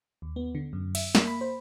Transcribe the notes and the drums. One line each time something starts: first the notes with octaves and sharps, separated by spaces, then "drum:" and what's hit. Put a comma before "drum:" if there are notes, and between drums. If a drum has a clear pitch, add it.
D#2
B3
D3
F#2
E5, drum: cymbal
A#3, drum: snare
B5
C5